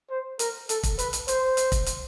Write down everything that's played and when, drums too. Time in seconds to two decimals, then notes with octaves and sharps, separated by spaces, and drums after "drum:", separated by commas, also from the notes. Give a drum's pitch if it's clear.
0.10 C5
0.39 A#4, drum: hi-hat
0.69 A4, drum: hi-hat
0.83 drum: kick, hi-hat
0.99 B4, drum: hi-hat
1.13 drum: hi-hat
1.28 C5, drum: hi-hat
1.57 drum: hi-hat
1.72 drum: kick, hi-hat
1.86 drum: hi-hat